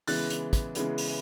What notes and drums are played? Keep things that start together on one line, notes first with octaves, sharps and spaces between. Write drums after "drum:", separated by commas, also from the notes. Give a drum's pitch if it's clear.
C#3 E3 G#3 B3 F#6 A6, drum: open hi-hat
drum: hi-hat
drum: kick, hi-hat
C#3 E3 G#3 B3, drum: hi-hat
drum: open hi-hat